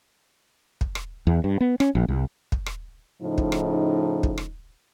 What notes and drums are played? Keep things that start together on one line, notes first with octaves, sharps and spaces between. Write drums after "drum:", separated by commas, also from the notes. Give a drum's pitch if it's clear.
drum: kick
drum: rim click
E2
G2
B3
C#4, drum: rim click
A#1
C2
drum: kick
drum: rim click
A2 C#3 F3 D#4
drum: kick
drum: rim click
drum: kick
drum: rim click